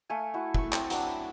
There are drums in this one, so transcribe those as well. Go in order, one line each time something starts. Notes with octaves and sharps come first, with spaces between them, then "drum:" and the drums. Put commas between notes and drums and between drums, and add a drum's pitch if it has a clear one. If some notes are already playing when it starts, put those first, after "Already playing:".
A3 F5 G#5
E4 F#4
E5 C#6, drum: kick
A3 C4 C5, drum: clap
F#3 D4, drum: hi-hat
A5 B5